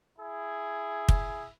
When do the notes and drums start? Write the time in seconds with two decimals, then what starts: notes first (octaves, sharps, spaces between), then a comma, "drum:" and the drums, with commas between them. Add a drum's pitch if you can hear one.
0.19 E4 G#4
1.09 drum: kick